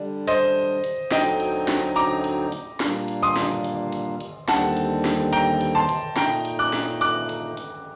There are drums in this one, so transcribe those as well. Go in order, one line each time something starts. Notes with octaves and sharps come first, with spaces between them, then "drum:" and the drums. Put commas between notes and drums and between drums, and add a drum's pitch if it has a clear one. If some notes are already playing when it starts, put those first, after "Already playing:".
Already playing: D3 G3 D4
C5 D#5, drum: hi-hat
drum: hi-hat
D2 D3 F#3 C4 D#4 D#5 G5, drum: snare
drum: hi-hat
drum: snare
A#5 D6, drum: hi-hat
drum: hi-hat
drum: hi-hat
A#2 G3 A#3 D4, drum: snare
drum: hi-hat
C6 D#6
drum: snare
drum: hi-hat
drum: hi-hat
drum: hi-hat
D#2 D3 G3 C4 F#5 A5, drum: snare
drum: hi-hat
drum: snare
G5 A#5, drum: hi-hat
drum: hi-hat
A5 C6
drum: hi-hat
A#2 A3 D#4 G5 A#5, drum: snare
drum: hi-hat
D6 F#6
drum: snare
D6 F#6, drum: hi-hat
drum: hi-hat
drum: hi-hat